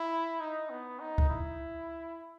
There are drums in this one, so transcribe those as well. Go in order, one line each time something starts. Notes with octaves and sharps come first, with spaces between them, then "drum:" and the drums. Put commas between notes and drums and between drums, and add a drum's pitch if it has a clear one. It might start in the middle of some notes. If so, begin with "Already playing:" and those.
Already playing: E4
D#4
B3
D#4
drum: kick C#2
E4